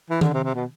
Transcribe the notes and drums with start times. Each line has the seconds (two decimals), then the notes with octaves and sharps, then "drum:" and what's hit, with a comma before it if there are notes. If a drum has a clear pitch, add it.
0.10 E3
0.21 D3, drum: tom D#3
0.33 C3
0.44 C3
0.55 B2